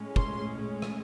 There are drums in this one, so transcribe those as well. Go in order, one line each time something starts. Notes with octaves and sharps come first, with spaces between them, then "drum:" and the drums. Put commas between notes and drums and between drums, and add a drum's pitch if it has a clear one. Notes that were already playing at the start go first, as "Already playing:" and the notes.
Already playing: A2 G#3 C#4
C6, drum: kick
drum: rim click